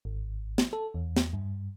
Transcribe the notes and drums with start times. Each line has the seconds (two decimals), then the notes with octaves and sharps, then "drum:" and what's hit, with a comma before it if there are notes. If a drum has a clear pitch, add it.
0.05 G#1
0.58 drum: snare
0.73 A4
0.94 E2
1.17 drum: snare
1.33 G2